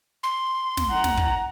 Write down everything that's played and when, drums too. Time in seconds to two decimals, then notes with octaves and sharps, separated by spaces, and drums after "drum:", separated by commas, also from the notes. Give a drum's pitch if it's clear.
0.23 C6
0.77 drum: snare
0.91 F#5 A#5
1.04 drum: snare
1.17 drum: kick